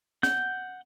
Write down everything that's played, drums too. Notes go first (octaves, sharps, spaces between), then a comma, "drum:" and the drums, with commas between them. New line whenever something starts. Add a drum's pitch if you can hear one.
F#5 G6, drum: snare